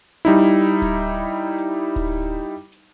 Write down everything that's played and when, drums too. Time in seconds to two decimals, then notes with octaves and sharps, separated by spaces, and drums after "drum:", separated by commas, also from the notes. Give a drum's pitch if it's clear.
0.25 G3 D#4 E4
0.44 drum: hi-hat
0.82 drum: kick D1, open hi-hat
1.58 drum: hi-hat
1.96 drum: kick D1, open hi-hat
2.72 drum: hi-hat